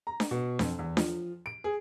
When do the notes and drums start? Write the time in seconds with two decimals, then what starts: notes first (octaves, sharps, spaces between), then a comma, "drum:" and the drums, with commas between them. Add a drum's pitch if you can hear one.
0.07 A#5
0.20 drum: snare D4
0.31 B2
0.59 F2, drum: snare D4
0.79 E2
0.97 F3, drum: snare D4
1.46 D7
1.64 G#4